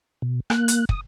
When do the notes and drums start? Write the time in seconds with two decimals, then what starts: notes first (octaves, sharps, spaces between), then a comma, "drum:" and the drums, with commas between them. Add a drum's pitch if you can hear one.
0.22 B2
0.50 A#3 F#6, drum: rim click
0.68 drum: hi-hat
0.89 D#6, drum: kick